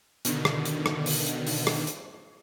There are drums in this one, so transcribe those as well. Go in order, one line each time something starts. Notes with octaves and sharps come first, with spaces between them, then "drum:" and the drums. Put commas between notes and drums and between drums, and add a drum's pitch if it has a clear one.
B2 D3 D#3, drum: hi-hat
drum: rim click
drum: hi-hat
drum: rim click
drum: open hi-hat
drum: hi-hat
drum: open hi-hat
drum: rim click
drum: hi-hat